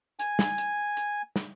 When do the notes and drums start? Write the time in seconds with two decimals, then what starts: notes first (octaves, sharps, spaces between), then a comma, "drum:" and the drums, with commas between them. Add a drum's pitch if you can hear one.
0.19 G#5, drum: hi-hat
0.39 drum: snare
0.58 drum: hi-hat
0.97 drum: hi-hat
1.36 drum: snare